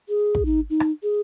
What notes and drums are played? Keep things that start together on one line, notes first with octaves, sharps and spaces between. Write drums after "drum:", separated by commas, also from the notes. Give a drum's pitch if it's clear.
G#4
drum: kick
D#4
D#4
drum: rim click
G#4